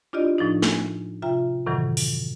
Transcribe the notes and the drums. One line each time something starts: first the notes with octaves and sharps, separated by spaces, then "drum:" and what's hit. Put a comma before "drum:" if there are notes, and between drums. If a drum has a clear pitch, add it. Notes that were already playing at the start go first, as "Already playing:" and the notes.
D4 E4 F4 G4 D5 D#5
A2 F3 D4 D#4
G#5, drum: snare
C3 F4 E5 G5 A#5
F#2 A2 C3 D#3 E3 F#3
drum: open hi-hat